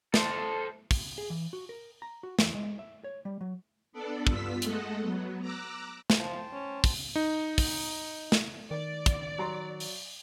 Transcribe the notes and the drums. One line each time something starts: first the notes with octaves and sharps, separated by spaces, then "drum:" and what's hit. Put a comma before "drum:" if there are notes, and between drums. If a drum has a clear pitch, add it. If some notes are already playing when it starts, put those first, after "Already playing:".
A4 C5, drum: snare
drum: kick, open hi-hat
G#4
E3
F#4
A#4
A#5
F#4
E2, drum: snare
G#3
E5
C#5
G3
F#3
B3 D4 A4 D5
G2 B3 F4 E6 B6, drum: kick
G#3 A3 A4 D#5 F#5, drum: hi-hat
F#3 B3
A#5 D6 E6 F#6
drum: snare
F3 C5 G5 A5
C#4
drum: kick, open hi-hat
D#4
drum: kick, open hi-hat
drum: snare
D#3 D5
drum: kick, hi-hat
F#3 A#5 C6
drum: open hi-hat